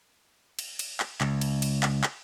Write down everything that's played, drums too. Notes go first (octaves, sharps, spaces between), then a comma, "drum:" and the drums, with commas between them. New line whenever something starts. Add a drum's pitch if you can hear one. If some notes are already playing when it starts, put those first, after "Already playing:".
drum: cymbal
drum: cymbal
drum: clap
C#2, drum: clap
drum: cymbal
drum: cymbal
drum: clap
drum: clap